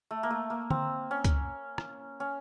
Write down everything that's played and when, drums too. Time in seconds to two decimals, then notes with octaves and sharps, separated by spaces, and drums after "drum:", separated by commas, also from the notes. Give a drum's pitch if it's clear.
0.11 A3
0.23 A#3
0.30 A3
0.50 A#3
0.70 C4, drum: tom D3
1.11 C#4
1.24 drum: kick C#2, hi-hat
1.78 drum: rim click
2.20 C#4